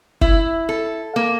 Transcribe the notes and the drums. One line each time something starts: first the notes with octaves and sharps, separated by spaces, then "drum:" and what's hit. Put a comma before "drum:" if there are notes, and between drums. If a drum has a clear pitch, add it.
E4, drum: kick
A4
A#3